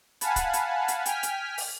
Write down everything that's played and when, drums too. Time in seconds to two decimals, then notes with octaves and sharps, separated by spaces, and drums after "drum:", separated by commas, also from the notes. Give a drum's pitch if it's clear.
0.21 F5 F#5 G#5 A5 B5, drum: hi-hat
0.36 drum: kick, hi-hat
0.53 drum: hi-hat
0.88 drum: hi-hat
1.06 G5 G#5 F6 B6, drum: hi-hat
1.23 drum: hi-hat
1.58 drum: open hi-hat